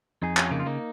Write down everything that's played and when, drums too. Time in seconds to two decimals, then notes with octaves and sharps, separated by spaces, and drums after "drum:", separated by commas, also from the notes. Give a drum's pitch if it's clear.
0.22 F2 D#4 G#4
0.37 C#4 F4, drum: clap
0.51 C#3 A#3 D#4
0.60 F4
0.66 A#3 D#4